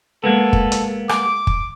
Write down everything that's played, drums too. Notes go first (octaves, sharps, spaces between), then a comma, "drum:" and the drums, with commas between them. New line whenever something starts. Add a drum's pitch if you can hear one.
G#3 A#3 B3 A4
drum: kick
drum: hi-hat
D6, drum: rim click
drum: kick